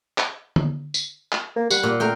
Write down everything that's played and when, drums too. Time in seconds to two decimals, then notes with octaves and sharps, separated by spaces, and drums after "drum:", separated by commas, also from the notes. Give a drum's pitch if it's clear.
0.18 drum: clap
0.56 drum: tom D3
0.94 drum: tambourine
1.32 drum: clap
1.56 A#3
1.71 G3 F#5, drum: tambourine
1.83 A#2
2.00 A3 A#4 G5